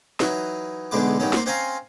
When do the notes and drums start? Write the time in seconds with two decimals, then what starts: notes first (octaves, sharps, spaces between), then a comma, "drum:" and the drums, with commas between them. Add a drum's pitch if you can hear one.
0.20 E3 F#3 D#4, drum: snare
0.91 B1 E2 D3 G#3 B3 D6
1.20 G2 D#3 F#3 C#4
1.33 A#3 C5, drum: snare
1.46 C4 C#4 C5 F5 G#5 A#5